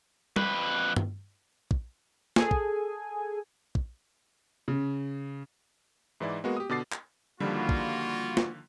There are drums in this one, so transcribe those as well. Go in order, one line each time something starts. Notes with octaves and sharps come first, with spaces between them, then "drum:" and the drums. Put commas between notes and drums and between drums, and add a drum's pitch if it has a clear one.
F2 B4, drum: tom
drum: tom G2
drum: kick
G#4 A4 G#5, drum: snare
drum: kick
drum: kick
C#3
G#2 E3 E4 D5
G#3 A#3 B3 F#4
G4 D#6
B2 D3 D6 A6 C7
drum: clap
D3 D#3 F3 G3 A#3 F4 F#4
drum: kick
drum: snare